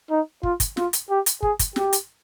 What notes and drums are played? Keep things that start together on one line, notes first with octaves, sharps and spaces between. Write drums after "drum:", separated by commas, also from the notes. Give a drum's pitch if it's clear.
D#4
F4, drum: kick
drum: kick, hi-hat
F4, drum: snare
drum: hi-hat
G4
drum: hi-hat
G#4, drum: kick
drum: kick, hi-hat
G4, drum: snare
drum: hi-hat